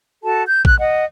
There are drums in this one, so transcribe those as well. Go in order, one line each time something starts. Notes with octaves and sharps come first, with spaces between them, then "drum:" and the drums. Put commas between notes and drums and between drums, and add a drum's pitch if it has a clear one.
F#4 A4 A5
G6
F#6, drum: kick
D#5 F#5